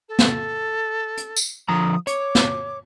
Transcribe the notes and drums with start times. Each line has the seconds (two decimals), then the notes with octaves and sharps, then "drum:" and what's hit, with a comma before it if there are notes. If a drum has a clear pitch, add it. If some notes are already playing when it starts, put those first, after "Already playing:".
0.09 A4
0.19 drum: snare
1.17 drum: hi-hat
1.37 drum: tambourine
1.68 D3 F3 A#5 D#6
2.07 C#5 D6, drum: hi-hat
2.35 drum: snare